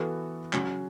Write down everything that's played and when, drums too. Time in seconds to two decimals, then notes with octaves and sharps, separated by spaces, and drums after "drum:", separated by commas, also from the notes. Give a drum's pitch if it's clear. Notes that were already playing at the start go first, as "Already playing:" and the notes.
Already playing: E3 B3 F#4 A4
0.53 C#3 F#3 C#4 F#4, drum: clap